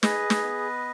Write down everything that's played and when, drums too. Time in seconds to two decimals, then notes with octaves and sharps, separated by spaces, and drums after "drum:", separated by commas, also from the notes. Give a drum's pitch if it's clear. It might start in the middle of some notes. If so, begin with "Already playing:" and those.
0.03 G#4 B4 D#5, drum: snare
0.30 drum: snare
0.44 B3